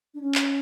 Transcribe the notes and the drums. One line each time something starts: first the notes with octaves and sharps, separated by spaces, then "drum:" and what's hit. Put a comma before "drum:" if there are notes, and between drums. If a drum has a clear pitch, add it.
D4
C#4
drum: clap